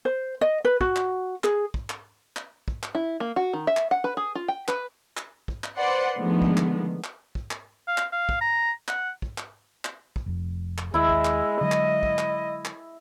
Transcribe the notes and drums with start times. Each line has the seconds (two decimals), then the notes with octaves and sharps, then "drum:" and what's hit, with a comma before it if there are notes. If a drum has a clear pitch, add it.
0.05 C5
0.41 D#5
0.65 B4
0.81 F#4, drum: kick
0.96 drum: clap
1.44 G#4, drum: clap
1.74 drum: kick
1.90 drum: clap
2.36 drum: clap
2.68 drum: kick
2.83 drum: clap
2.95 E4
3.20 A#3
3.36 F#4
3.53 D#3
3.67 E5
3.77 drum: clap
3.91 F#5
4.04 B4
4.17 G#4
4.35 F4
4.48 G5
4.68 B4, drum: clap
5.17 drum: clap
5.48 drum: kick
5.64 drum: clap
5.76 B4 C5 D5 F#5 C6
6.18 D3 D#3 F3 G#3 A3 B3
6.42 drum: kick
6.57 drum: clap
7.04 drum: clap
7.35 drum: kick
7.51 drum: clap
7.88 F5
7.98 drum: clap
8.12 F5
8.29 drum: kick
8.41 A#5
8.88 F#5, drum: clap
9.22 drum: kick
9.38 drum: clap
9.85 drum: clap
10.16 drum: kick
10.26 F1 F2
10.78 drum: clap
10.94 D#2 G#3 E4 E5
11.09 drum: kick
11.25 drum: clap
11.61 D3 F#3 G#3 D#5
11.72 drum: clap
12.03 drum: kick
12.18 drum: clap
12.65 drum: clap